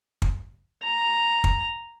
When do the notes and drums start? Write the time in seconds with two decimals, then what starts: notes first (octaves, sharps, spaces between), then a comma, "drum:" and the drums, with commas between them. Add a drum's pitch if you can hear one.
0.22 drum: kick
0.83 A#5
1.44 drum: kick